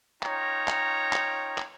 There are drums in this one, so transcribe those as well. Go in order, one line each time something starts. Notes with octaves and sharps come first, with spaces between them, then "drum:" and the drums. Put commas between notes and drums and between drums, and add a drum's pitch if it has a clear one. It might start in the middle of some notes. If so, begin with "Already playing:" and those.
C#4 D#4 F4 C#5 G5 A#5, drum: clap
drum: clap
drum: clap
drum: clap